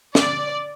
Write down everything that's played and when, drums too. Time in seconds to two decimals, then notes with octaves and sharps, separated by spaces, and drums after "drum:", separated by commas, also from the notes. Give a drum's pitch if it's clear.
0.15 D5, drum: snare